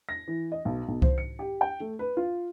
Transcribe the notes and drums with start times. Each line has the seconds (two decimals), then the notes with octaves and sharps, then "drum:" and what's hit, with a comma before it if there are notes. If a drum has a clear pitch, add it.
0.09 A#6
0.28 E3
0.52 D#5
0.65 B1
0.88 B1
1.02 C5, drum: kick C2
1.18 C#7
1.39 G4
1.61 G5
1.80 A3
1.99 B4
2.17 F4